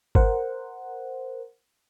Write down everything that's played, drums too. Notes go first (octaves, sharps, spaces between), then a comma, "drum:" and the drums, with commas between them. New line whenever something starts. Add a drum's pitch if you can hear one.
A#4 C5 F#5, drum: kick G1